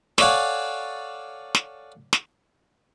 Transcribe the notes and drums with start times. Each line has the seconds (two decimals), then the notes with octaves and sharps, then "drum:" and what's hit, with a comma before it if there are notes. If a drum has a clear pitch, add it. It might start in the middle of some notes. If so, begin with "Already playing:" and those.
0.18 A4 C#5 D5 F5 F#5 G#5, drum: snare
1.55 drum: snare
2.13 drum: snare